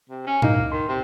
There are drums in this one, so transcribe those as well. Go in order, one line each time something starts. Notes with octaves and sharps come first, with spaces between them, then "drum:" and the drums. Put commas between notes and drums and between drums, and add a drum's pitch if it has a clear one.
C3
C#4
G#2 A#3 D#4, drum: tom A#2
C#2 F#2
D#3 C6
C3